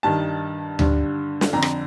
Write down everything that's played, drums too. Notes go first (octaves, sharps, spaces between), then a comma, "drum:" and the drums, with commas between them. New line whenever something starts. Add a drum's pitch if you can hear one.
G2 D#3 A5
G2 D3, drum: tom D2
drum: snare
F2 D3 A#5
drum: rim click